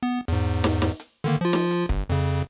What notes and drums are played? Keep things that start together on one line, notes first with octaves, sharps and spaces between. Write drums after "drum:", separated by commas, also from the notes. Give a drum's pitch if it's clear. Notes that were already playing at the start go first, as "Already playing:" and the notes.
B3
E2 G#2, drum: hi-hat
drum: snare
drum: snare
drum: hi-hat
D3 D#3 A#3
F3 F4
drum: snare
drum: hi-hat
G1, drum: kick
F2 C#3